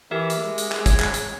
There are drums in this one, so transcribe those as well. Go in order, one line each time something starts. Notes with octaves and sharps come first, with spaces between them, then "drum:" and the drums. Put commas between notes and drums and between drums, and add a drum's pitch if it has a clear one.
E3 G4 A#4 E5
drum: hi-hat
G#3
drum: hi-hat
drum: clap
C#5, drum: kick, hi-hat
drum: clap
drum: hi-hat